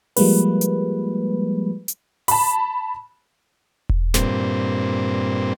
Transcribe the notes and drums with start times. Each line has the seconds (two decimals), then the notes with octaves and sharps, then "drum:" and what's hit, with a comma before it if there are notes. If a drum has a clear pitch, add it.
0.17 F3 G3 G#3 A#3 B4, drum: open hi-hat
0.61 drum: hi-hat
1.88 drum: hi-hat
2.28 A5 B5, drum: open hi-hat
3.89 drum: kick E1
4.14 G2 A#2 C4, drum: snare